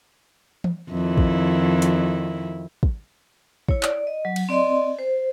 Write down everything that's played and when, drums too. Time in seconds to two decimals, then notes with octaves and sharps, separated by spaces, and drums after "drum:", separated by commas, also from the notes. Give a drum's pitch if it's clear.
0.64 drum: tom E3
0.91 F2 D#3 E4
1.17 drum: kick
1.82 drum: hi-hat
2.83 drum: kick
3.69 E4 C#5, drum: kick
3.83 D5, drum: clap
4.07 D#5
4.25 F#3
4.36 drum: cymbal
4.49 C4 D5 D#5 C6
4.99 C5